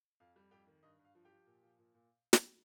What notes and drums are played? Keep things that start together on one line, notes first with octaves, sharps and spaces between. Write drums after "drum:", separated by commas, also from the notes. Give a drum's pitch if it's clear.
F2 F5
G3
F2 G4 G5
D#3
G2 D#5
G2
F5
F3
G4 G5
F3
A#2
F3
A#2
A#2
drum: snare